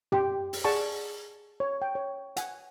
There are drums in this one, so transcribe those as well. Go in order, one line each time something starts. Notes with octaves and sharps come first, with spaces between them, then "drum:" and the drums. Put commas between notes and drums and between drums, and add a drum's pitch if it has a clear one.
G4 G5 C6, drum: tom
drum: open hi-hat
G#4 D5 F#5 G#5 A5 C#6
C#5
G5
C#5
F#5 G#5, drum: hi-hat